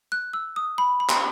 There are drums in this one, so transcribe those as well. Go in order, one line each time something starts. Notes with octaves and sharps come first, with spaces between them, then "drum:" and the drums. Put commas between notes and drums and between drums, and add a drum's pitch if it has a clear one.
F#6
E6
D#6
B5
B5
drum: clap